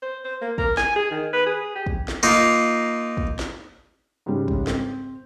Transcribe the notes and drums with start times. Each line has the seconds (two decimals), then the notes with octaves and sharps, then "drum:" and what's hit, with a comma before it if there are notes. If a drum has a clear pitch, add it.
0.02 C5
0.24 C5
0.42 A#3
0.58 A#4, drum: kick
0.77 G#5, drum: snare
0.96 G#4
1.11 D#3
1.33 B4
1.46 G#4
1.75 G4
1.86 drum: kick
2.08 drum: snare
2.23 A#3 D#4 F4
3.17 drum: kick
3.39 drum: snare
4.26 G#2 C#3 G3 G#3
4.48 drum: kick
4.67 C4, drum: snare